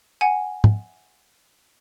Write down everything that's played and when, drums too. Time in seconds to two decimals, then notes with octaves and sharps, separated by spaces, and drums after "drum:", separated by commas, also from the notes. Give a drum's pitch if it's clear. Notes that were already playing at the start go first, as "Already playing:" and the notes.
0.21 F#5 G#5
0.64 drum: tom